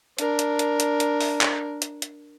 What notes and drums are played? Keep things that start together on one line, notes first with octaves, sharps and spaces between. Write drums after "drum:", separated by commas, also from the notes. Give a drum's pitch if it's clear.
D4 A#4, drum: hi-hat
drum: hi-hat
drum: hi-hat
drum: hi-hat
drum: hi-hat
drum: open hi-hat
drum: clap
drum: hi-hat
drum: hi-hat